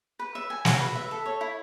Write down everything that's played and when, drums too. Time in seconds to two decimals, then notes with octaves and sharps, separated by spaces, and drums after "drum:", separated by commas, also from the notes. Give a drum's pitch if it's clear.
0.19 B4
0.35 E5
0.50 G#5
0.65 F#4, drum: snare
0.80 B4
0.95 E5
1.11 A4
1.26 C#5
1.41 E4